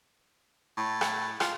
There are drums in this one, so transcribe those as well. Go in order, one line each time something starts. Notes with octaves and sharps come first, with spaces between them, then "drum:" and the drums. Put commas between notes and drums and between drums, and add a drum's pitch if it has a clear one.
A2
drum: rim click
F4, drum: rim click